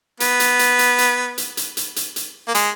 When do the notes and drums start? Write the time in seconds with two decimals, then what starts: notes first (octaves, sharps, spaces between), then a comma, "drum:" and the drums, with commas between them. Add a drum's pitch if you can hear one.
0.20 B3, drum: hi-hat
0.40 drum: hi-hat
0.59 drum: hi-hat
0.79 drum: hi-hat
0.98 drum: hi-hat
1.38 drum: hi-hat
1.57 drum: hi-hat
1.77 drum: hi-hat
1.96 drum: hi-hat
2.16 drum: hi-hat
2.48 A#3
2.55 G#3, drum: hi-hat